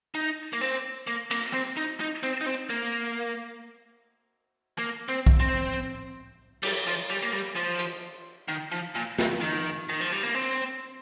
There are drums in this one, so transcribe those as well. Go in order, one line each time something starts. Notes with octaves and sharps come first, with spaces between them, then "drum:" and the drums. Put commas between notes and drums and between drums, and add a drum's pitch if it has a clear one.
D#4
A#3
C4
A#3
A#3, drum: cymbal
C4
D#4
D#4
C4
D#4
C4
A#3
A#3
C4
drum: kick B1
C4
G3, drum: cymbal
F3
G3
A#3
G3
F3
drum: hi-hat
D#3
F3
A#2
C3, drum: snare
D#3
D#3
F3
G3
A#3
C4